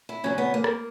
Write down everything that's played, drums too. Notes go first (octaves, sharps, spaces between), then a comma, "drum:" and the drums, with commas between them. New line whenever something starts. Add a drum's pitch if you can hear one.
E4
E2 C#3 F#3 C#4
B3
A#3
drum: rim click